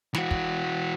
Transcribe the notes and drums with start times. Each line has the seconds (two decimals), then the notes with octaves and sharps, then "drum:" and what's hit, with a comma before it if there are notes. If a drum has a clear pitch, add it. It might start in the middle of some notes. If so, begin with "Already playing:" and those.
0.14 E3 F#4, drum: snare
0.31 drum: kick